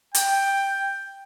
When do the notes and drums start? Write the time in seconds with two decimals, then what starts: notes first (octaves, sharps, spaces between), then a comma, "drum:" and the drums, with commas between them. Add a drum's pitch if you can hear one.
0.15 G5, drum: hi-hat